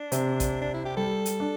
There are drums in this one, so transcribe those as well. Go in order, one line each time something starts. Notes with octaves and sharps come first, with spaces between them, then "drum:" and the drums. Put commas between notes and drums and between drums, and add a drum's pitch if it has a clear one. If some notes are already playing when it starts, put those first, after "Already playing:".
Already playing: D4
C3, drum: hi-hat
drum: kick, hi-hat
D4
E4
G4
G3 A4
drum: hi-hat
D4